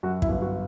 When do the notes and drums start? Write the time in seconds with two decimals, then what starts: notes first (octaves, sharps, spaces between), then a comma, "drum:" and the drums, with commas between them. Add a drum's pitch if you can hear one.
0.03 F#2 F#4
0.22 E4, drum: kick
0.29 G1
0.42 F#4